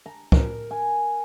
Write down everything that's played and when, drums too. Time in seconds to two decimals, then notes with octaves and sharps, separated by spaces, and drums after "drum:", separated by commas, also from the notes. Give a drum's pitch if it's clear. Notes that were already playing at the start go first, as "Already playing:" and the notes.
0.06 A#5
0.32 A#4, drum: kick
0.71 G#5